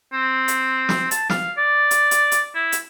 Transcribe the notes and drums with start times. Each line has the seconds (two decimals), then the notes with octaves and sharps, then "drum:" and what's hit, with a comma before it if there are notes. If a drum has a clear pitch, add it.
0.13 C4
0.48 drum: hi-hat
0.89 drum: snare
1.11 A5, drum: hi-hat
1.30 F5, drum: snare
1.58 D5
1.91 drum: hi-hat
2.11 drum: hi-hat
2.32 drum: hi-hat
2.55 E4
2.72 drum: hi-hat